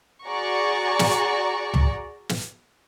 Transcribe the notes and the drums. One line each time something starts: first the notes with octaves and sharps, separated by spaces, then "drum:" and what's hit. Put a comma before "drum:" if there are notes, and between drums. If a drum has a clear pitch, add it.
F#4 G#4 D5 A#5 C#6
drum: snare
drum: tom C#2
drum: snare